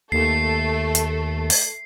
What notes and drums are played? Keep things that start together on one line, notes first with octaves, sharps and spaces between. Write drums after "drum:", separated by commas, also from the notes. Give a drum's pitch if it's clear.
D#2 A3 A4 C7
drum: hi-hat
drum: open hi-hat